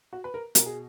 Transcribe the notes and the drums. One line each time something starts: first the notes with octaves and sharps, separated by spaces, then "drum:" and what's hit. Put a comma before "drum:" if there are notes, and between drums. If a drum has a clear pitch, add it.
F#4
B4
A#4
B2 A#4, drum: hi-hat
G#4